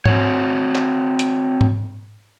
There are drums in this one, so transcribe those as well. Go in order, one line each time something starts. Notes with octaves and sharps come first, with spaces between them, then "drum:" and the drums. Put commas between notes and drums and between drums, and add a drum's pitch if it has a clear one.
C4 F#4 C#5, drum: tom G#2
drum: clap
drum: hi-hat
drum: tom G#2